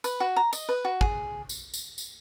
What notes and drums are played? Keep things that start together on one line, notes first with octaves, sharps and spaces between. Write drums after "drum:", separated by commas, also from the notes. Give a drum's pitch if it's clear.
B4, drum: tambourine
F#4
A#5
D#5, drum: tambourine
B4
F#4
G#4, drum: kick
drum: tambourine
drum: tambourine
drum: tambourine